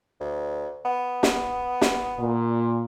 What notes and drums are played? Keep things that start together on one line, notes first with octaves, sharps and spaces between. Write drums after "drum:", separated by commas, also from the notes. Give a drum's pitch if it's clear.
D2
B3
drum: snare
drum: snare
A#2